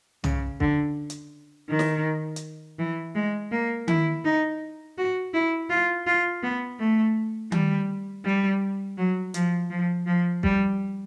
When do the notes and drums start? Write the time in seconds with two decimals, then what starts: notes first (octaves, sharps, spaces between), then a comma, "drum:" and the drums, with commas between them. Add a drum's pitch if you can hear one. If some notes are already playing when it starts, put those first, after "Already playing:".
0.24 C#3, drum: tom
0.60 D3, drum: kick
1.10 drum: hi-hat
1.69 D#3
1.79 drum: snare
2.36 drum: hi-hat
2.79 E3
3.15 G#3
3.52 A#3
3.88 E4, drum: tom D#3
4.25 D#4
4.98 F#4
5.34 E4
5.70 F4
6.07 F4
6.43 B3
6.79 A3
7.52 G3, drum: tom D#3
8.25 G3
8.98 F#3
9.34 F3, drum: hi-hat
9.70 F3
10.07 F3
10.43 G3, drum: kick